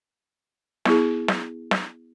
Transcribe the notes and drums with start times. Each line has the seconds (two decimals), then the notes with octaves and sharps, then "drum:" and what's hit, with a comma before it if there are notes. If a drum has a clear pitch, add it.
0.85 B3 E4 G#4, drum: snare
1.28 drum: snare
1.71 drum: snare